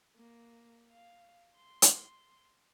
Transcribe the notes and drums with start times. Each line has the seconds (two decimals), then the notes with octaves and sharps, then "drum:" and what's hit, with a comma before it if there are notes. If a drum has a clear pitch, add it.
0.16 A#3
0.90 F5
1.56 C6
1.82 drum: hi-hat